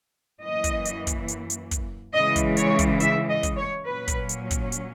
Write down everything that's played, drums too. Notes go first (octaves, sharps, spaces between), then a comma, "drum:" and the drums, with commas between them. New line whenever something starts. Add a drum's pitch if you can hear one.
F#2 E3 A#3 D#5
drum: kick, hi-hat
drum: hi-hat
drum: kick, hi-hat
drum: hi-hat
drum: hi-hat
drum: kick, hi-hat
C#3 E3 G#3 D#5
drum: kick, hi-hat
C#5, drum: hi-hat
drum: kick, hi-hat
E5, drum: hi-hat
D#5
drum: kick, hi-hat
C#5
A#2 F#3 C#4 B4
drum: kick, hi-hat
drum: hi-hat
drum: kick, hi-hat
drum: hi-hat